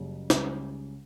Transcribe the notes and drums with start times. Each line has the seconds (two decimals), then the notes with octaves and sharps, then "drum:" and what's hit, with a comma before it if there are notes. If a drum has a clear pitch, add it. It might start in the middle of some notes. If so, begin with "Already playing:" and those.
Already playing: F#1 F#2 C#3 G3
0.30 C#2 C#3 G3 C#4, drum: snare